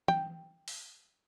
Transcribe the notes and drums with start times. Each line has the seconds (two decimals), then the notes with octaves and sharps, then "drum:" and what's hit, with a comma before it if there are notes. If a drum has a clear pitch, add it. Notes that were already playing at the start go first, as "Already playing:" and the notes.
0.08 G5, drum: tom E3
0.68 drum: open hi-hat